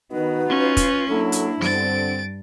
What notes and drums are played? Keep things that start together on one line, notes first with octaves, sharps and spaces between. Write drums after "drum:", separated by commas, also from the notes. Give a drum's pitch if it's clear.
D#3 B3 D#4 F#4 B4
C#4 F4
drum: kick, hi-hat
F#3 A#3 D4 E4 A4
drum: hi-hat
G2 D3 C4 C5 A6 D7, drum: snare